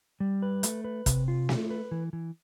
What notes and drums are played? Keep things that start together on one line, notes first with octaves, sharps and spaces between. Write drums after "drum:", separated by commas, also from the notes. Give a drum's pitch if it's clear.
G3
B4
A3, drum: hi-hat
B4
C3, drum: kick, hi-hat
F4
A3, drum: snare
B4
E3
E3